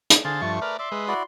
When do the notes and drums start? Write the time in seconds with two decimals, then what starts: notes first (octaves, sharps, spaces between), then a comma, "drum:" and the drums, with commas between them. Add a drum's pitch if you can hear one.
0.10 drum: hi-hat
0.25 D3 G#4 C5 F5 A6
0.42 G2 F3 A3 C#6
0.62 A#4 B4 D5 F6
0.79 D5 E5 C6
0.92 G#3 B4
1.08 E4 F#4 D5